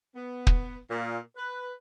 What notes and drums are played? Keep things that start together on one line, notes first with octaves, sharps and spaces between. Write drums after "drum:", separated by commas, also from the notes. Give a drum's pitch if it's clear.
B3
drum: kick
A#2
B4